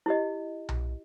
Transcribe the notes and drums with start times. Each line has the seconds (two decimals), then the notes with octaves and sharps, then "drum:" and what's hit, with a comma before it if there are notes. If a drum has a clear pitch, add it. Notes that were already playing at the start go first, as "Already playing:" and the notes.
0.06 E4 G4 D#5
0.69 drum: tom B1